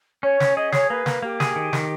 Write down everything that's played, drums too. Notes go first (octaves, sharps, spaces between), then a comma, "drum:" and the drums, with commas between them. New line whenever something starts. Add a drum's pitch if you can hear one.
C#4 C#5
C#4, drum: snare
G#4 D#5
G#4 C#5, drum: snare
A#3 B4
A#3, drum: snare
A#3 G4
G#4, drum: snare
D#3
D#3, drum: snare